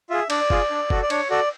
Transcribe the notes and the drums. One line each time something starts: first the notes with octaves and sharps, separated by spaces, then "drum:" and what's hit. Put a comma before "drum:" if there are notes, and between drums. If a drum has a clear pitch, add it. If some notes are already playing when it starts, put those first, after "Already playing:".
F4 G#4 E5
D4 D5, drum: cymbal
F4 G#4, drum: kick
D4
F#4 A4, drum: kick
D5
D4 C#5, drum: cymbal
F#4 A4 D5